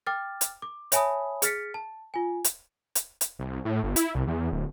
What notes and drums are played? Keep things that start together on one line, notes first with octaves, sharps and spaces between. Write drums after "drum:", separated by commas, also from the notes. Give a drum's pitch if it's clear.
G5 D6 F6 A6
drum: hi-hat
D6
C#5 E5 G#5 A5 B5 D#6, drum: hi-hat
G#4 F6 A6 B6 C#7, drum: hi-hat
A5
F4 G#5
drum: hi-hat
drum: hi-hat
drum: hi-hat
C2
A2
G1
E4, drum: hi-hat
C2
E2
D1